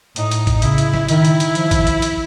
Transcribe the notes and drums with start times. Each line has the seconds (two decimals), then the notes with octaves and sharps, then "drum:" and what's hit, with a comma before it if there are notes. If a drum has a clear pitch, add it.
0.16 A2 D#4, drum: hi-hat
0.31 drum: hi-hat
0.47 drum: kick, hi-hat
0.62 C#3 E4, drum: hi-hat
0.78 drum: hi-hat
0.94 drum: snare
1.09 D#3 E4, drum: hi-hat
1.25 drum: hi-hat
1.40 drum: hi-hat
1.55 F3, drum: hi-hat
1.71 drum: kick, hi-hat
1.87 drum: hi-hat
2.02 drum: hi-hat